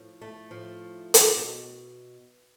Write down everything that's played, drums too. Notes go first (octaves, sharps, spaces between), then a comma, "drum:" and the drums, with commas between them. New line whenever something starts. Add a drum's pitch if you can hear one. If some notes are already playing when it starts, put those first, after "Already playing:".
Already playing: A2 F3
A3
A2 F3
drum: hi-hat
B2